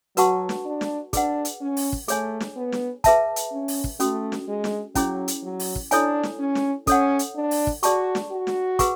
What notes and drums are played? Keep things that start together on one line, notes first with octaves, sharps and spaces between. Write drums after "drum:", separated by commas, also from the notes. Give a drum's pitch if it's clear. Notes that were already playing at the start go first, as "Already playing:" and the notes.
F#3 F#4 B4 F#5 A5 C#6, drum: hi-hat
drum: snare
D4
drum: snare
D4 G#4 B4 F#5, drum: kick, hi-hat
drum: hi-hat
C#4
drum: open hi-hat
drum: kick
A3 G#4 C#5 G#5, drum: hi-hat
drum: snare
B3
drum: snare
G#4 B4 E5 A5, drum: kick, hi-hat
drum: hi-hat
C#4
drum: open hi-hat
drum: kick
A3 C#4 F#4 A4, drum: hi-hat
drum: snare
G#3
drum: snare
F#3 C#4 E4 G#4 C#5, drum: kick, hi-hat
drum: hi-hat
F#3
drum: open hi-hat
drum: kick
D4 E4 A4 C#5 G#5, drum: hi-hat
drum: snare
C#4
drum: snare
C#4 A4 C#5 F#5, drum: kick, hi-hat
drum: hi-hat
D4
drum: open hi-hat
drum: kick
F#4 G#4 D5 A5 C#6, drum: hi-hat
drum: snare
F#4
drum: snare
G#4 B4 F#5 C#6, drum: kick, hi-hat